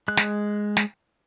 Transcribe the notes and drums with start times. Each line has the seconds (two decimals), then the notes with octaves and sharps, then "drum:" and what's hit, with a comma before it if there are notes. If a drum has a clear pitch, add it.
0.08 G#3 F#6
0.17 drum: snare
0.77 drum: snare